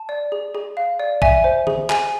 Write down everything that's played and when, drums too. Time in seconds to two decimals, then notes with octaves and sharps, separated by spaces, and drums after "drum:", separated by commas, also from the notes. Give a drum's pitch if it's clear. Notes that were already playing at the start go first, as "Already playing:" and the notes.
Already playing: A5
0.09 D5
0.32 G#4
0.55 G#4
0.77 F5
1.00 D5
1.22 E5 G#5, drum: kick
1.44 C5
1.67 G#4, drum: tom D3
1.90 G#4 G#5, drum: clap